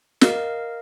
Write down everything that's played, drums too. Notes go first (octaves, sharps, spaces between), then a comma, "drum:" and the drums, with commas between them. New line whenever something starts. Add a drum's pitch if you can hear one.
A#4 D#5 F5, drum: snare